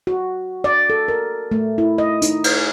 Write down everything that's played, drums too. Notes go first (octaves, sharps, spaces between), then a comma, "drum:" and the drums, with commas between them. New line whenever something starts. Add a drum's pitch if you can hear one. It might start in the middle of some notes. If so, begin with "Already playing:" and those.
F#4
D5
A4
A#4
A3
E4
D#5
D#4, drum: hi-hat
drum: cymbal